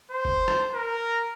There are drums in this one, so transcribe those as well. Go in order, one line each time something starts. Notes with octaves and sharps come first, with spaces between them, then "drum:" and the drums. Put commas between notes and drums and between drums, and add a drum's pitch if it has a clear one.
C5
drum: kick F#1
drum: rim click
A#4